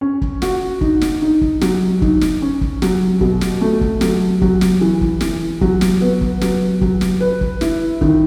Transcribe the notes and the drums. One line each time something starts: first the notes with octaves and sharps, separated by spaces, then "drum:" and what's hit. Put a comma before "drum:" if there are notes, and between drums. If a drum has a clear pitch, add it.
C#4
drum: kick
F#4, drum: snare
D#4, drum: kick
drum: snare
D#4
drum: kick
F#3, drum: snare
D#4, drum: kick
drum: snare
C#4
drum: kick
F#3, drum: snare
B2, drum: kick
drum: snare
A3
drum: kick
F#3, drum: snare
F#3, drum: kick
drum: snare
E3
drum: kick
E3, drum: snare
F#3, drum: kick
drum: snare
B3
drum: kick
F#3, drum: snare
F#3, drum: kick
drum: snare
B4
drum: kick
E4, drum: snare
D#3, drum: kick